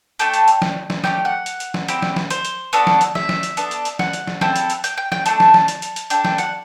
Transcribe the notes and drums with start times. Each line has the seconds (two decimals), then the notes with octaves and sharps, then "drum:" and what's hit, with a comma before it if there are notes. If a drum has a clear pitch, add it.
0.19 A3 D4 A4 G5, drum: hi-hat
0.34 drum: hi-hat
0.48 drum: hi-hat
0.62 drum: snare
0.90 drum: snare
1.04 A3 E4 G4 G5, drum: snare
1.25 F#5
1.46 drum: hi-hat
1.60 drum: hi-hat
1.74 drum: snare
1.88 C4 E4 G4, drum: hi-hat
2.02 drum: snare
2.16 drum: snare
2.30 C5, drum: hi-hat
2.45 drum: hi-hat
2.73 B3 D4 F#4 A4, drum: hi-hat
2.87 drum: snare
3.01 drum: hi-hat
3.15 E5, drum: snare
3.29 drum: snare
3.43 drum: hi-hat
3.57 B3 D4 A4, drum: hi-hat
3.71 drum: hi-hat
3.85 drum: hi-hat
3.99 F#5, drum: snare
4.13 drum: hi-hat
4.27 drum: snare
4.41 C4 E4 A4, drum: snare
4.56 drum: hi-hat
4.70 drum: hi-hat
4.84 G5, drum: hi-hat
4.98 G5
5.12 G5, drum: snare
5.26 A3 D4 A4 A5, drum: hi-hat
5.40 drum: snare
5.54 drum: snare
5.68 drum: hi-hat
5.82 drum: hi-hat
5.96 drum: hi-hat
6.10 D4 A4 G5, drum: hi-hat
6.25 G5, drum: snare
6.38 F#5, drum: hi-hat